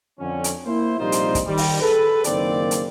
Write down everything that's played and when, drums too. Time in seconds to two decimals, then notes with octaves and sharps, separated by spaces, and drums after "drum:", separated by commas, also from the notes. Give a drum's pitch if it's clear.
0.19 F2 D3 C#4
0.44 drum: hi-hat
0.65 A#3 E4 C5
0.98 A#1 C3 G3 D#4 F4 C5
1.12 drum: hi-hat
1.35 drum: kick, hi-hat
1.46 D#3 G3
1.58 drum: open hi-hat
1.80 G#4 A4 B4
2.24 F#1 D#3 A#3 C4 D5, drum: hi-hat
2.71 drum: hi-hat